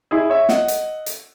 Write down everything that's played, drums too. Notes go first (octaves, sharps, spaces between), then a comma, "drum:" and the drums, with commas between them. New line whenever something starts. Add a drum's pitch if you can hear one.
E4 G#4
C#5 E5
D#5 F#5, drum: snare
drum: hi-hat
drum: hi-hat